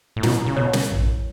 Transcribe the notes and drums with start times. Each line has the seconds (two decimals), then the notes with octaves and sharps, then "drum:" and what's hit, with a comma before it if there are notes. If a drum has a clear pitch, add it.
0.16 A2
0.23 B2 E4, drum: snare
0.46 C#3
0.56 B2 C#5
0.73 drum: snare
0.90 drum: tom A1